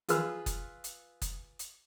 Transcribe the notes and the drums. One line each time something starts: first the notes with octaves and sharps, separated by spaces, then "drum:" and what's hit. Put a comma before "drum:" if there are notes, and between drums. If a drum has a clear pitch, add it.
F4 G#4 B4 E6 F6, drum: hi-hat
drum: kick F#1, hi-hat
drum: hi-hat
drum: kick F#1, hi-hat
drum: hi-hat